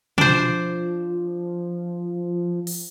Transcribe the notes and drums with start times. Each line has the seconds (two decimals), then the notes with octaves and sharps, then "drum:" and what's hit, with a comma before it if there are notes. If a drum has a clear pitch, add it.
0.18 F3 D4 C5, drum: tom B2
2.67 drum: open hi-hat